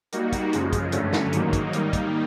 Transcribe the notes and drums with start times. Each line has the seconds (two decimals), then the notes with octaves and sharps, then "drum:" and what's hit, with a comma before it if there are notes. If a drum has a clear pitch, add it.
0.12 G3 A#3 D#4 F#4, drum: hi-hat
0.32 drum: kick, hi-hat
0.53 F#2 C#3 F3 G#3, drum: hi-hat
0.73 drum: kick, hi-hat
0.92 G2 D3 F#3 A3 C#4, drum: hi-hat
1.13 drum: snare
1.33 G#2 D#3 F#3 A#3 D#4, drum: hi-hat
1.53 drum: kick, hi-hat
1.73 D#3 G3 A#3 D#4, drum: hi-hat
1.93 drum: kick, hi-hat